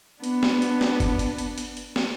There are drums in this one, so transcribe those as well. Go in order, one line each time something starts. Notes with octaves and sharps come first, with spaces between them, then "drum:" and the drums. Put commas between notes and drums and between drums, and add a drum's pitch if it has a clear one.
B3 D4, drum: hi-hat
drum: snare
drum: hi-hat
drum: snare
drum: kick G1, hi-hat
drum: hi-hat
drum: hi-hat
drum: hi-hat
drum: hi-hat
drum: snare